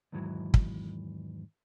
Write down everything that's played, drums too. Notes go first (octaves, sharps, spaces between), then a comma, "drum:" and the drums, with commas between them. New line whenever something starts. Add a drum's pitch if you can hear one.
E2 G#2 D#3 E3 F#3
drum: kick